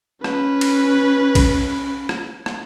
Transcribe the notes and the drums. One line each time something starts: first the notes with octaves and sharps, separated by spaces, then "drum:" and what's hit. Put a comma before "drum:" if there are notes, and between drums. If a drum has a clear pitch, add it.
C#4 B4, drum: rim click
drum: cymbal
drum: kick, cymbal
drum: rim click
drum: rim click